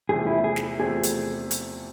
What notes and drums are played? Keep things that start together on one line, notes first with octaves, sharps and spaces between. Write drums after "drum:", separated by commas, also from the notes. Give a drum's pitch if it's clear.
E2 C3 F3 A3 C4 G#4
E4
G#4
drum: snare
E2 C3 F3 A3 C4 G#4
drum: hi-hat
drum: hi-hat